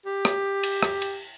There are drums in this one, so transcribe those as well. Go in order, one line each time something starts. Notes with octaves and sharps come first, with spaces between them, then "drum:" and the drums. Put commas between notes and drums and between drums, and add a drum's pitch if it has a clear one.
G4
drum: rim click
drum: cymbal
drum: rim click
drum: cymbal